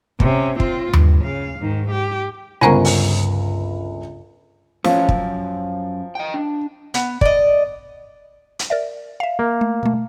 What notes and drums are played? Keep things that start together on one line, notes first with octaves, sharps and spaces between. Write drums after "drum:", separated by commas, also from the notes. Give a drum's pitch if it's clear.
C3 C#4, drum: kick
C4 F4, drum: kick
G2, drum: tom D#2
C#3 F5
G#2 D#3
G4
G1 C#2 G2 A#4 C5 F#5 G#5 C#6
drum: open hi-hat
F3 A3 C#4, drum: snare
F#2, drum: kick
D#5 G5
D4
B3, drum: hi-hat
D5 D#5, drum: kick
drum: hi-hat
A#4 D5 E5
E5 F5
A#3
A3
B2 A3